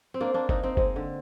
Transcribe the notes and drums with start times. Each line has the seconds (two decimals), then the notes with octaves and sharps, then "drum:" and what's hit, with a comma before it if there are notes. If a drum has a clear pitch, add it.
0.14 C4
0.20 A#3 D4
0.34 A#3 D4
0.49 C4 D#4, drum: kick F#1
0.63 C4 D#4
0.77 G#3 C4, drum: kick F#1
0.96 D3